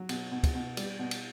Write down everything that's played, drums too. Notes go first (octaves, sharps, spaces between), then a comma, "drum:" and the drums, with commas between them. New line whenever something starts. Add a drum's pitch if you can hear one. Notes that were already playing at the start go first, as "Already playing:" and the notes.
Already playing: F#3
B2, drum: cymbal
B2
drum: kick, cymbal
B2
G3, drum: cymbal
B2
drum: cymbal